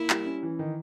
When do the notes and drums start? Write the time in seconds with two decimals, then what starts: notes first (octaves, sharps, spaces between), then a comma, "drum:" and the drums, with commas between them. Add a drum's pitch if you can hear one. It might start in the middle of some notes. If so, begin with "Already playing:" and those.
Already playing: A#3 E4
0.10 G3, drum: clap
0.26 C#4
0.43 E3
0.59 D#3